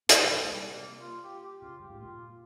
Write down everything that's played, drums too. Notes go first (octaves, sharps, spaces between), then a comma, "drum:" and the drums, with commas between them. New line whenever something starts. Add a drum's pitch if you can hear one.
A#2 A#3, drum: hi-hat
F3
E3 G#3
C#3
C3 G3
A#3
F4
G4
G4
C#3 F4
G2 G4
G#2
A#2 F4